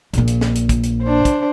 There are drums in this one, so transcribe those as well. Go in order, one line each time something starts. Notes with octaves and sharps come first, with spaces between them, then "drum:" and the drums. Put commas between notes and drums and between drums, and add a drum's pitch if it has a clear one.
A#1 A#2, drum: hi-hat
drum: hi-hat
drum: snare
drum: hi-hat
drum: kick, hi-hat
drum: hi-hat
D4 C5
drum: kick, hi-hat